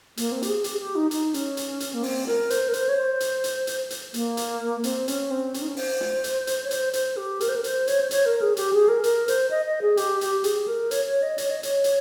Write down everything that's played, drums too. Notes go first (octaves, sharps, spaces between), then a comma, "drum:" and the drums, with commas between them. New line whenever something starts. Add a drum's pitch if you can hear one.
A#3, drum: hi-hat
C4
G4, drum: hi-hat
G#4
G4, drum: hi-hat
G#4
G4
D#4
D#4, drum: hi-hat
C#4, drum: hi-hat
drum: hi-hat
drum: hi-hat
A#3
C4, drum: open hi-hat
A#4, drum: snare
C5, drum: hi-hat
A#4
C5, drum: hi-hat
C#5
C5
drum: hi-hat
drum: hi-hat
drum: hi-hat
drum: hi-hat
A#3, drum: hi-hat
drum: hi-hat
C4, drum: hi-hat
C#4, drum: hi-hat
C4
C#4, drum: hi-hat
D#4
C#4
C5, drum: open hi-hat
drum: snare
drum: hi-hat
drum: hi-hat
C#5
C5, drum: hi-hat
C5, drum: hi-hat
G4
A#4, drum: hi-hat
C5
A#4
C5, drum: hi-hat
C#5, drum: hi-hat
C5
C#5, drum: hi-hat
A#4
G#4
G4, drum: hi-hat
G#4
A#4
A#4, drum: hi-hat
C5, drum: hi-hat
D#5
D#5
G#4
G4, drum: hi-hat
G4, drum: hi-hat
G#4, drum: hi-hat
A#4
C#5, drum: hi-hat
C#5
D#5
C#5, drum: hi-hat
D#5
C#5, drum: hi-hat
drum: hi-hat